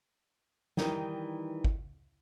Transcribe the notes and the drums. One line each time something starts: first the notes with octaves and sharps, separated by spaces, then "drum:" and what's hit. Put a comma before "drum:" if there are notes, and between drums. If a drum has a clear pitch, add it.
D#3 E3 G3 D#4 G#4 A#4, drum: snare
drum: kick